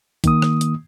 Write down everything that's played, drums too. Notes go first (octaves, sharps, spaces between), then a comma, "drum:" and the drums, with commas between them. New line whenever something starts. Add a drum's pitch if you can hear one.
D#3 A#3 D#6, drum: kick, hi-hat
drum: rim click
drum: hi-hat